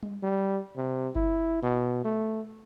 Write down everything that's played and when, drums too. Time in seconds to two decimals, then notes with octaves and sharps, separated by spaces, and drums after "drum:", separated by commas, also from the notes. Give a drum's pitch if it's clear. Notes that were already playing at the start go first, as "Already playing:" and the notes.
0.03 drum: tom G3
0.23 G3
0.77 C3
1.15 E4, drum: kick G1
1.63 B2
2.05 A3